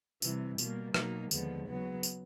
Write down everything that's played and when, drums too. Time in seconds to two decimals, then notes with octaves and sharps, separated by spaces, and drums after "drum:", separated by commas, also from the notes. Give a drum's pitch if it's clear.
0.22 C3 E3 G3, drum: tambourine
0.58 B2 G3 A#3, drum: tambourine
0.94 B2 F#3 A#3 D#4, drum: rim click
1.31 D#2 D3 F3 G#3 B3, drum: tambourine
1.68 C#3 F#3 B3
2.03 drum: tambourine